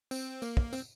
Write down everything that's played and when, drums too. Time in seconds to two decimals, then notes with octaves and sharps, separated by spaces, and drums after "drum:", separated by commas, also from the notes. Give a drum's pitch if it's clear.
0.11 C4, drum: tambourine
0.42 A#3, drum: tambourine
0.57 drum: kick
0.73 C4, drum: tambourine